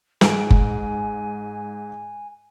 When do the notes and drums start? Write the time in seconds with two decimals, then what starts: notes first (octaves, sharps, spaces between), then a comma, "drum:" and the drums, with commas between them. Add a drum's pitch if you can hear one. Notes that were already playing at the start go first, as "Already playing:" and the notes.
0.21 G#2 G#5 D7, drum: snare
0.50 drum: kick F#1